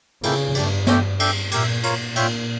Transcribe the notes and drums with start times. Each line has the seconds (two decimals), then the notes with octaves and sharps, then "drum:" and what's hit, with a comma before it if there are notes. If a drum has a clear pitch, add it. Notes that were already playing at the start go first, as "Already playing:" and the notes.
0.23 C#3 A#3 E4 A4 E5 G5, drum: cymbal
0.55 G2 A3 D4 G4 D5, drum: cymbal
0.87 A3 D4 A4 E5 G5, drum: snare
1.20 D4 A4 E5 G5, drum: cymbal
1.51 A#2 G4 A#4 E5, drum: cymbal
1.83 F4 A#4 C#5, drum: cymbal
2.16 A#2 F4 C#5 E5 G5, drum: cymbal